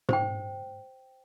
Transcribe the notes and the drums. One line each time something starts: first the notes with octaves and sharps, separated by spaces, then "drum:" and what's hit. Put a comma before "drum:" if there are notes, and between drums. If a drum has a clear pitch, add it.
C5 G5, drum: tom G#2